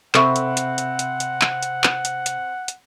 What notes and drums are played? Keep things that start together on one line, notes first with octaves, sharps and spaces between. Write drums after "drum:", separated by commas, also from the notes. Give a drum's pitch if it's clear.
C3 C4 A4 E5 F#5 B5 C#6, drum: clap
drum: hi-hat
drum: hi-hat
drum: hi-hat
drum: hi-hat
drum: hi-hat
drum: clap
drum: hi-hat
drum: clap
drum: hi-hat
drum: hi-hat
drum: hi-hat